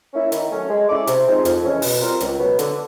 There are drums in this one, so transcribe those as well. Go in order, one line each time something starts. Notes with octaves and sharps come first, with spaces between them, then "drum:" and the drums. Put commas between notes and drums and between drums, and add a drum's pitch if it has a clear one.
A#3 C#4 E4
D#3, drum: hi-hat
F#3 A3 C#4
G#3
C#4 E4 A4 D5
C3, drum: hi-hat
F3 G#3 C4 D#4
F2, drum: hi-hat
C#3 E3 G#3 C#4
B2, drum: open hi-hat
G3 C4 F4 A#4
C#2, drum: hi-hat
B2 F#3 B3
D3, drum: hi-hat